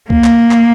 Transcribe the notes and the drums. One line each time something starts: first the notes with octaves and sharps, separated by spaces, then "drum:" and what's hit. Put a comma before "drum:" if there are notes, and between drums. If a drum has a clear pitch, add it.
A#3, drum: kick C2
drum: clap
drum: clap